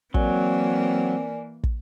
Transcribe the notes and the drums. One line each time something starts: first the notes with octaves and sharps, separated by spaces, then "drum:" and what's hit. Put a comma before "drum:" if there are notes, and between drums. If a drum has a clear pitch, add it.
E3 F#3 A#3 C4 A#4 D5 G#5, drum: kick
drum: kick